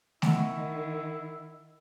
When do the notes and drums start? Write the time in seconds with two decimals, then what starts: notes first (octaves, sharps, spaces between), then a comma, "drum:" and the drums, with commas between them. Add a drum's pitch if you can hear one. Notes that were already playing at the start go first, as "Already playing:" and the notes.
0.22 D#3 E4 F#5 C#6, drum: snare A3